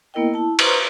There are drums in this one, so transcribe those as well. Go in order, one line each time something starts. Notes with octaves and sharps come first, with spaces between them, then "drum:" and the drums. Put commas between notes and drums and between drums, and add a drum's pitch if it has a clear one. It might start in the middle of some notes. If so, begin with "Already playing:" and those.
A#3 B3 E4 A#4 D#5 G5
E4 A5
B4 C5 A#5 C6 C#6, drum: cymbal